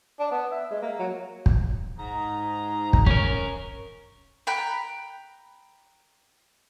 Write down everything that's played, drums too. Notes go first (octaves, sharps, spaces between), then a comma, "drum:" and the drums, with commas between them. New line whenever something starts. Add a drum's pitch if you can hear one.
D4
B3
E5
G#3
A#3
F#3
drum: kick
G#2 A#5
drum: kick
C#4 A#4, drum: kick
G5 A#5 B5 F#6